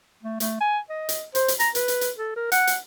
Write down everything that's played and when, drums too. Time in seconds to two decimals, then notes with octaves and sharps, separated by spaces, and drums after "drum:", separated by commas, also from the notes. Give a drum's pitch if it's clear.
0.23 A3
0.40 A3, drum: hi-hat
0.60 G#5
0.89 D#5
1.09 drum: hi-hat
1.35 C5, drum: hi-hat
1.48 drum: hi-hat
1.60 A#5, drum: hi-hat
1.75 B4, drum: hi-hat
1.88 drum: hi-hat
2.01 drum: hi-hat
2.18 A4
2.36 A#4
2.52 F#5, drum: hi-hat
2.67 drum: hi-hat